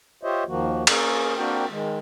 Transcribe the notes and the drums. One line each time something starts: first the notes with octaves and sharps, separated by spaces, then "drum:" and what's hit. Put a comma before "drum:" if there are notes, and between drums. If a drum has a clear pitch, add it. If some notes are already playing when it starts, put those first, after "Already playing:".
F4 G4 C5 C#5 D#5 E5
D#2 D#3 F3 A#3 F#4
A#3 C#4 G#4 A#4, drum: cymbal
A#3 C4 D4 F#4 A#4 G5
D#3 G#3